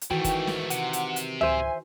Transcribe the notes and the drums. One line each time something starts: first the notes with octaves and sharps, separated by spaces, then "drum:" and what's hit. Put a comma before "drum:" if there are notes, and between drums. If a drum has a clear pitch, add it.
drum: hi-hat
G#2 D#3 E3 A3 F#4 G5
drum: kick, hi-hat
drum: snare
C3 F#5, drum: hi-hat
drum: hi-hat
drum: hi-hat
C5 E5 G#5, drum: tom C#2